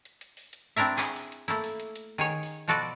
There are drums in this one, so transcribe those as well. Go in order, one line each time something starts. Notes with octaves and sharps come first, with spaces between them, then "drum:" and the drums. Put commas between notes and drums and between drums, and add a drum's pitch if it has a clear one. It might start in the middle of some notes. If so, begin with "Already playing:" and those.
drum: hi-hat
drum: hi-hat
drum: open hi-hat
drum: hi-hat
C4 D4 E4 A#4 E5
G#4, drum: clap
drum: open hi-hat
drum: hi-hat
A3 A#3 E4, drum: hi-hat
drum: open hi-hat
drum: hi-hat
drum: hi-hat
D#3 G#4 C#5
drum: open hi-hat
B2 F3 F#4 A4 B4 D5